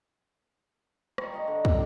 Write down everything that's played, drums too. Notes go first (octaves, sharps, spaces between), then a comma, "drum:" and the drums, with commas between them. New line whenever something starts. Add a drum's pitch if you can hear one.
G3 F4 A#5 C#6, drum: rim click
D#5 A#5
D3
D#3 A#3 A4, drum: kick